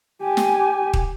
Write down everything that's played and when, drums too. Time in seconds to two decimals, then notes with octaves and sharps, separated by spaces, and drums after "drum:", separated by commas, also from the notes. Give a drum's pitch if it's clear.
0.23 G4 G#5
0.37 drum: snare
0.93 drum: kick D#1